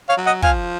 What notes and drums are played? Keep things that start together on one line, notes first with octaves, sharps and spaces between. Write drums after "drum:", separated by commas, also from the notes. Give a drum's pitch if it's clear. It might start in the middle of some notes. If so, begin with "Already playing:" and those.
C#5 F5
F#3
D#5 F#5
F3 F5 G#5, drum: kick